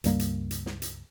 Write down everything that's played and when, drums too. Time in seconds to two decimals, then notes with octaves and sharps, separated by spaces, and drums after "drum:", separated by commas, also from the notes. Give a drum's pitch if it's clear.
0.04 C#2 G2 G3 A#3, drum: hi-hat
0.19 drum: hi-hat
0.51 drum: hi-hat
0.66 drum: snare
0.82 drum: hi-hat